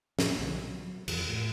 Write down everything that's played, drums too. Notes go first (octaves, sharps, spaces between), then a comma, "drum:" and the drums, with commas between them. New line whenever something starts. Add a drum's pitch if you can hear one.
A#2, drum: snare
B1 D3 F3
F#3
F2 E3 F3, drum: cymbal
A2